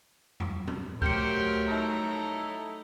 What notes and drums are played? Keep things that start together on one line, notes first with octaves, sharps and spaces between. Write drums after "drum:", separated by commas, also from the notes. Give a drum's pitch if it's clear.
drum: tom E2
drum: tom
F#3 A3 G4 A#4 C5 G5 G6 C#7, drum: kick C#2
D#4 E4 A4 A#5